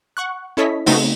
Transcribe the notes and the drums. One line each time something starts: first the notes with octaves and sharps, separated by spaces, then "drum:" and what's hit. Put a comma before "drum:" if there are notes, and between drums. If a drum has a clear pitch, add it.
F#5 C#6 F#6
C#4 E4 A4 C#5 D#5 B6
C#3 A3 B3 C4 D#4 F#4, drum: open hi-hat